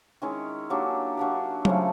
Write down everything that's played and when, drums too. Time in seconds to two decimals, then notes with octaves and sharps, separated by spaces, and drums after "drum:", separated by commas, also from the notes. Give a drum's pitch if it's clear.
0.22 D#3 G#3 C#4 E4
0.70 F#3 A#3 D4 G4
1.17 F#3 A#3 D4 G4
1.65 C#3 F3 A3, drum: tom F#3